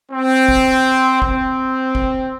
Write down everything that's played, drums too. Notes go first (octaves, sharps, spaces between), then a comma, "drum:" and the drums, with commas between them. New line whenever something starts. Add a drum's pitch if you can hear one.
C4
drum: kick
C4, drum: kick
drum: kick